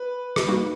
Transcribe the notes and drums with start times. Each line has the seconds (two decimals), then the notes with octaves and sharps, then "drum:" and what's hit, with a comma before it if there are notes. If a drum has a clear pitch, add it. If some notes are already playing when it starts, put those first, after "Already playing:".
Already playing: B4
0.36 drum: rim click
0.47 G3 A#3 D#4 F#4